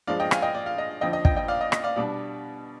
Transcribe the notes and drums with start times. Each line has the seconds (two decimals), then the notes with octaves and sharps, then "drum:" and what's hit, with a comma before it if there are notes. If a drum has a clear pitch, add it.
0.07 G2 F3 G#3 D5 F5
0.20 D#5 G5
0.31 F5 G#5, drum: rim click
0.42 D#5 G5
0.55 D5
0.66 F5
0.78 D#5
1.01 F2 D3 F3 D#5 G5
1.13 D#5
1.25 D#5 G5, drum: kick
1.36 D#5 G5
1.48 D5 F5
1.61 D#5
1.72 D#5, drum: rim click
1.84 D5 F5
1.96 B2 G3 D4 D5